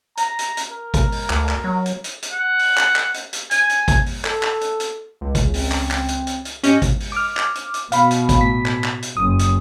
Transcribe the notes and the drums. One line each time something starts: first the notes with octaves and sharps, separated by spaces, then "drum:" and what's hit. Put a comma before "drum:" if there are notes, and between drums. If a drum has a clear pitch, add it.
A#5, drum: hi-hat
drum: hi-hat
drum: hi-hat
A#4
drum: kick G#1, hi-hat
drum: open hi-hat
D2, drum: clap
drum: clap
F#3
drum: hi-hat
drum: hi-hat
drum: hi-hat
F#5
drum: open hi-hat
drum: clap
drum: clap
drum: hi-hat
drum: hi-hat
G#5, drum: hi-hat
drum: hi-hat
drum: kick G#1, hi-hat
drum: open hi-hat
A4, drum: clap
drum: clap
drum: hi-hat
drum: hi-hat
C#2
drum: kick G#1, hi-hat
C4, drum: open hi-hat
drum: clap
C4, drum: clap
drum: hi-hat
drum: hi-hat
drum: hi-hat
G#2 C#4 G4 D#5, drum: hi-hat
drum: kick G#1, hi-hat
drum: open hi-hat
D6 F6
drum: clap
drum: hi-hat
drum: hi-hat
B2 F5 B5, drum: hi-hat
drum: hi-hat
drum: kick G#1, hi-hat
A2 B6
drum: clap
drum: clap
drum: hi-hat
F#1 D#6
drum: hi-hat